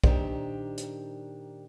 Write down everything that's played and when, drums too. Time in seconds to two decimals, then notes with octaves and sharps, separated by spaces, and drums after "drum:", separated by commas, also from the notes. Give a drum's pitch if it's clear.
0.04 A#2 D#3 D4 G4 C5, drum: kick
0.78 drum: hi-hat